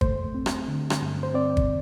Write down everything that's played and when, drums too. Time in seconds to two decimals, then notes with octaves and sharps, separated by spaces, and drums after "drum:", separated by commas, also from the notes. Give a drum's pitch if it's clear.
0.01 A3 C5, drum: kick
0.34 C4
0.46 drum: rim click
0.68 D3
0.90 drum: rim click
1.01 G2
1.23 C5
1.35 C4 D5
1.57 drum: kick